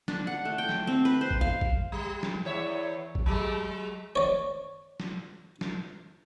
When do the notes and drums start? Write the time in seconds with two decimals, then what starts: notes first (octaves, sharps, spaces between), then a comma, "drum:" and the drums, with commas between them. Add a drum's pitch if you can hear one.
0.08 D4, drum: snare
0.27 F#5
0.45 A3
0.58 G5
0.69 drum: snare
0.87 C4
1.05 B4
1.21 C5
1.31 drum: kick A1
1.41 F5
1.61 drum: kick A1
1.92 G3
2.23 drum: snare
2.45 E2 C#5 E5
3.15 drum: kick A1
3.26 F#3 G#3 A3
4.16 C#5 D5
5.00 drum: snare
5.61 drum: snare